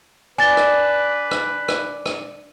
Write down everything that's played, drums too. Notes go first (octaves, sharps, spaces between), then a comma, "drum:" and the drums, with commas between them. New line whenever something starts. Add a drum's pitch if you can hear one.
D4 B4 G#5 A6 G7
drum: rim click
drum: rim click
drum: rim click
drum: rim click